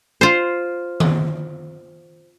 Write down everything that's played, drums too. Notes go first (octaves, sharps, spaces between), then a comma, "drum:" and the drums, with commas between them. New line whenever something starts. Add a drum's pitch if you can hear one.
F4 C5
drum: tom D#3